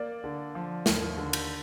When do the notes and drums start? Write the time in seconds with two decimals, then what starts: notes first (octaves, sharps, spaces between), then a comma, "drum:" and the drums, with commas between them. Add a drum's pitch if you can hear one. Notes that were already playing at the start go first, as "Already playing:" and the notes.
Already playing: A#3 D5
0.24 D3
0.55 F3
0.86 D#2, drum: snare
1.17 D3
1.33 drum: cymbal